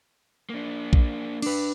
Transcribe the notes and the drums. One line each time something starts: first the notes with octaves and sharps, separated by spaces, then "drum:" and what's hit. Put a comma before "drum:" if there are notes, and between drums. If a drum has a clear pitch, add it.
A#3 D4
drum: kick A#1
D4 B4, drum: cymbal